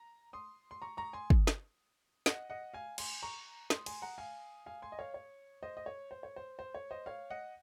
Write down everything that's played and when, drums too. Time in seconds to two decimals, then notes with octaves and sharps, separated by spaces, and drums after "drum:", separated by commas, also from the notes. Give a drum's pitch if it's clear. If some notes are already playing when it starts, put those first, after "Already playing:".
Already playing: A#5
0.33 C6 D#6
0.71 C6
0.82 A#5 C#6
0.97 A#5 C#6
1.13 G#5 C6
1.30 drum: kick
1.47 drum: snare
2.26 D#5 F#5, drum: snare
2.50 D#5 F#5
2.74 F5 G#5
2.98 G#5 C6, drum: cymbal
3.23 A#5 C#6
3.70 C6 D#6, drum: snare
3.86 G#5 C6, drum: cymbal
4.02 F#5 A#5
4.18 F5 G#5
4.66 F5 G#5
4.82 G#5 C6
4.92 D#5
4.99 C#5 F5
5.14 C#5
5.63 C5 D#5
5.77 D#5
5.86 C#5
6.11 C5
6.23 C#5
6.36 C5
6.59 C5
6.75 C#5
6.91 C5 D#5
7.06 C#5 F5
7.30 D#5 F#5